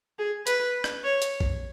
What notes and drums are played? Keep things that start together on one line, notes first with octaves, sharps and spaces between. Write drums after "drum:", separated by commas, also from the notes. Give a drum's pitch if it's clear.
G#4
B4, drum: hi-hat
drum: rim click
C#5
drum: hi-hat
drum: kick